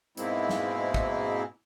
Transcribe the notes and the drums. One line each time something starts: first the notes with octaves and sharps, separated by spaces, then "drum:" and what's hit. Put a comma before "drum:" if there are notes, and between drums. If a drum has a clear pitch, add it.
G#2 B2 G#3 A#3 C4 E4, drum: hi-hat
drum: snare
drum: kick